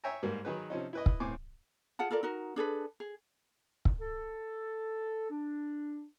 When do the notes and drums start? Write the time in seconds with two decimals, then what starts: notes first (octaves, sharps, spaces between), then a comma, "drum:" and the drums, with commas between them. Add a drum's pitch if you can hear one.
0.04 C#5 E5 G5 G#5 A#5
0.23 G#2 G3 A#3
0.45 D#3 F#3 D#4 G#4 B4
0.70 C3 F3 C#4 D#4
0.93 E4 B4 D#5
1.06 drum: kick
1.20 A2 C4 G#5 D6
1.99 F4 G#4 F#5 A5
2.11 F4 A4 A#4 D5
2.23 D#4 F#4 A#4
2.56 D4 G#4 A4 B4
3.00 G#4
3.85 drum: kick
4.00 A4
5.30 D4